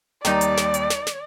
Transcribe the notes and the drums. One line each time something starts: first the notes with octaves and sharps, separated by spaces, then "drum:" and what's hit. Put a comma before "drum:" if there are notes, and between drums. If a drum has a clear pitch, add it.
D#2 D#3 G3 D#4 D5, drum: snare
drum: hi-hat
drum: snare
drum: hi-hat
drum: snare
drum: snare